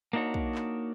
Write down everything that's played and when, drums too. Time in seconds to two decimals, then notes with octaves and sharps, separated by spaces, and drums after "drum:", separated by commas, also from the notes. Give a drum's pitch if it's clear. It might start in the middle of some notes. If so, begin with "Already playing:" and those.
0.13 A#3 D4 D#4 F#4 C#5
0.34 drum: kick
0.55 drum: clap